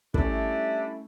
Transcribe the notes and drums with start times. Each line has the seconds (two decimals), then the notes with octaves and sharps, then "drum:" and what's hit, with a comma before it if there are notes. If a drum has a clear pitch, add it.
0.14 G3 A3 C#4 D4 E4, drum: kick